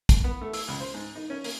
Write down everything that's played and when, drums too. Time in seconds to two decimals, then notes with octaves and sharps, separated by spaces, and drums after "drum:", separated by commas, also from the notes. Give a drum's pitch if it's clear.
0.09 drum: kick, hi-hat
0.24 B3
0.41 A3
0.53 E6, drum: open hi-hat
0.68 C#2
0.80 C5
0.94 G#2
1.16 D#4
1.30 C#4
1.44 A#3, drum: open hi-hat